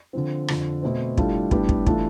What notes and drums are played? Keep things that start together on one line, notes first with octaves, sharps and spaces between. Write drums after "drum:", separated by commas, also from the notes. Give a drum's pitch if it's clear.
D3 F3 C4
F2 D3 F3, drum: rim click
B2 A3 C4
A2 G3 D4 F4 A4, drum: kick
A2 G3 B3 D4 G4, drum: kick
drum: kick
E3 A3 D4 F4 A4, drum: kick